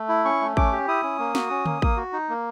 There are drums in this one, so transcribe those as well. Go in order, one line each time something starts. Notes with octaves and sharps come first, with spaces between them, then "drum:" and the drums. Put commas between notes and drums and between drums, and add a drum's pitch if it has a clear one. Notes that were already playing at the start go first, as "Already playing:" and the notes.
Already playing: A3
E4
C#4 C#6
A3
C#4 D6, drum: kick
G4
E4 D#6
C#4
A#3
F#4, drum: snare
C#4
A#3, drum: tom D3
A#3, drum: kick
F#4
D#4
A#3